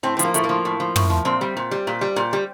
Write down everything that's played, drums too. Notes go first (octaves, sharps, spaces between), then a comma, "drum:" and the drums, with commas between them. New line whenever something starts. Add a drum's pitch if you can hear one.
A2 C4
C4
F3, drum: hi-hat
A#3
A2 A3, drum: hi-hat
A#3
F3
A2
F3
A2, drum: tom
F3
A#2 C4
G3
A#2
G3
A#2
G3
A#2
G3